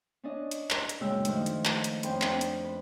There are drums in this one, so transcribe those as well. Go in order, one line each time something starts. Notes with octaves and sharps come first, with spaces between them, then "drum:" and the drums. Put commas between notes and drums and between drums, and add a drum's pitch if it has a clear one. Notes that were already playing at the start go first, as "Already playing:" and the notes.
C#4 D4 D#5
drum: hi-hat
drum: clap
drum: hi-hat
F#2 A#2 C#3 G#3 G5 E6
D#3 F3 A3 D4, drum: hi-hat
drum: hi-hat
drum: clap
drum: hi-hat
F2 C#4 C5 G5 B5, drum: hi-hat
C4 D4, drum: clap
drum: hi-hat
B4